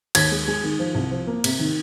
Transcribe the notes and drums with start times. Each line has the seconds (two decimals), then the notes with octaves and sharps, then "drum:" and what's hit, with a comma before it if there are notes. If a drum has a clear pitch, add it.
0.15 D#2 G#6, drum: cymbal
0.32 G#3
0.48 G#3
0.64 D#3
0.79 F3
0.95 C2
1.11 F3
1.27 A#3
1.44 C3, drum: cymbal
1.59 D#3